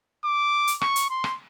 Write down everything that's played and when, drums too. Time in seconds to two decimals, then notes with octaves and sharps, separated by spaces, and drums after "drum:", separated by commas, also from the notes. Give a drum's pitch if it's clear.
0.25 D6
0.67 drum: hi-hat
0.81 C#6, drum: rim click
0.96 drum: hi-hat
1.10 C6
1.24 drum: rim click